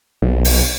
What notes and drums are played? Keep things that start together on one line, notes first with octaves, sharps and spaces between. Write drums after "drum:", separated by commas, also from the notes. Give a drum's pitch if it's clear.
B1
drum: open hi-hat